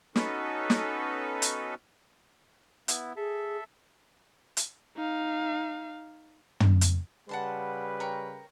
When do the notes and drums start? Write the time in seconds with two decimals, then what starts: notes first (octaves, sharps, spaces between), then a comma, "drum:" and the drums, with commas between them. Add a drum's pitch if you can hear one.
0.16 B3 C#4 D#4 F#4 A4 B4, drum: snare
0.70 drum: snare
1.42 drum: hi-hat
2.88 B3 E4, drum: hi-hat
3.17 G#4 A4 E5
4.57 drum: hi-hat
4.97 D#4 F5
6.60 drum: tom
6.81 drum: hi-hat
7.29 C#3 G3 B4 F#5 A5 C6
8.00 A#4 C#5 G5